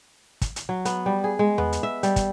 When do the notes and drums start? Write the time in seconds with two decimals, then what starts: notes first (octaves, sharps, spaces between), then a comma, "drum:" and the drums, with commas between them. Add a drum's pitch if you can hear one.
0.41 drum: kick, hi-hat
0.56 drum: hi-hat
0.69 F#3
0.85 B3, drum: hi-hat
1.06 G3
1.24 G#4
1.39 G#3
1.58 B3, drum: tom E2
1.72 drum: hi-hat
1.83 E5
2.03 G3, drum: hi-hat
2.16 drum: kick, hi-hat